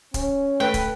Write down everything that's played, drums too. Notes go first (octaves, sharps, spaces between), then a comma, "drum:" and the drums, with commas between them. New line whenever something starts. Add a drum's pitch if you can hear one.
C#4, drum: kick, hi-hat
A3 B4 G5
drum: kick, hi-hat